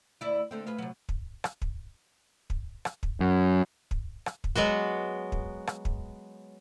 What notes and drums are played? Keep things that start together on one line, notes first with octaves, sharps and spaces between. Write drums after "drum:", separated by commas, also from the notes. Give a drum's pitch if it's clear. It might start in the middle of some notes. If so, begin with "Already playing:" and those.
D2 E4 D5
D3 A3 C4
F4 G#4 B4
C3 F#3
drum: kick
drum: rim click
drum: kick
drum: kick
drum: rim click
drum: kick
F#2
drum: kick
drum: rim click
drum: kick
F#3 G#3 B3 F#4
drum: kick
drum: rim click
drum: kick